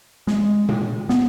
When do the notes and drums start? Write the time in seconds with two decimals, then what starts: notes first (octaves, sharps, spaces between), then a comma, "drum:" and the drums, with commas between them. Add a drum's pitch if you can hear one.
0.27 G#3, drum: snare
0.69 drum: tom A#2
1.09 B3, drum: snare